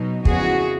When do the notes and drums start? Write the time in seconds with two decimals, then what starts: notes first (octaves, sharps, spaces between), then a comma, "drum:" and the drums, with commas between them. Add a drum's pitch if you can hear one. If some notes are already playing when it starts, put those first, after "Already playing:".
Already playing: B2 F#3 D#4
0.25 F2 C#3 E3 G#3 B3 F#4 G#4, drum: kick